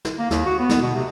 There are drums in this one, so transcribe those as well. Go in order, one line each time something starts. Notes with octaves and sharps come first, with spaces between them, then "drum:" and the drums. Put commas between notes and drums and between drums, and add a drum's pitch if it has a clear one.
drum: snare
A#3
D#2, drum: snare
F#4
B3
drum: snare
B2
C3